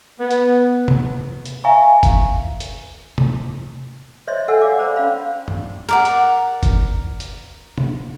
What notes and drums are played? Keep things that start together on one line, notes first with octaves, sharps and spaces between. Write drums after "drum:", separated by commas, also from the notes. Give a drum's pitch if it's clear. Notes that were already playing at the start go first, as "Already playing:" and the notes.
B3
drum: hi-hat
drum: tom
drum: hi-hat
E5 F5 G#5 A#5 C#6
drum: kick F#1, hi-hat
drum: hi-hat
drum: tom
C5 C#5 D#5 E5 C6
A4 E5 F#5 G#5 E6
D5 F5 D6
C5 D5 A#5 B5
C#4 C#5 F5 B5 C6
drum: tom
A#4 D5 F#5
drum: hi-hat
drum: kick F#1, hi-hat
drum: hi-hat
drum: tom